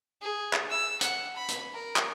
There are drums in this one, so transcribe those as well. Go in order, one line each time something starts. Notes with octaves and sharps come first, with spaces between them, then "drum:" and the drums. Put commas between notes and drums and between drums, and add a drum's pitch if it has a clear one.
G#4
drum: clap
E6
F#5, drum: hi-hat
B5
drum: hi-hat
A#4
drum: clap